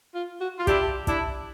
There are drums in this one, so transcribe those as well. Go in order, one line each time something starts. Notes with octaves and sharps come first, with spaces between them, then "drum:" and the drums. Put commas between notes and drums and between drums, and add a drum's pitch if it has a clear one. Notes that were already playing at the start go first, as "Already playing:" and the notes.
F4
F#4
F4
D4 E4 G4, drum: kick, hi-hat
D4 E4, drum: kick, hi-hat